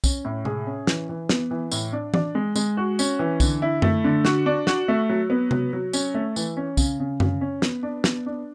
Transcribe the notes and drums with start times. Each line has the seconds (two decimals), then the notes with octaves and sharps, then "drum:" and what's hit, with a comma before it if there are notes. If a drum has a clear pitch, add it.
0.04 C#4, drum: kick, tambourine
0.25 A2
0.45 G#4, drum: tom C3
0.67 C#4
0.87 E3, drum: snare
1.09 E3
1.29 B3, drum: snare
1.51 E3
1.72 A2, drum: tambourine
1.93 D4
2.14 D4, drum: tom E3
2.35 G#3
2.56 G#3, drum: tambourine
2.77 F#4
2.99 C#4, drum: tambourine
3.19 E3
3.40 D3, drum: kick, tambourine
3.62 E4
3.82 A3, drum: tom F#2
4.04 D3
4.25 F#4, drum: snare
4.46 D4
4.67 F#4, drum: snare
4.88 A3
5.10 F#3
5.30 B3
5.51 F#3, drum: tom C3
5.73 F#3
5.93 C#4, drum: tambourine
6.14 A3
6.36 E3, drum: tambourine
6.57 C#4
6.77 C#3, drum: kick, tambourine
7.00 C#3
7.20 C#3, drum: tom F#2
7.41 C#4
7.62 B3, drum: snare
7.83 D4
8.04 B3, drum: snare
8.26 D4